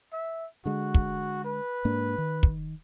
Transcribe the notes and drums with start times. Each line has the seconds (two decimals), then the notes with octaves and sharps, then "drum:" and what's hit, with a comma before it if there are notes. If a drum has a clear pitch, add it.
0.12 E5
0.66 D3 G#3 F#4
0.94 drum: kick
1.45 B4
1.85 G#2 A#3 D4
2.18 D#3
2.43 drum: kick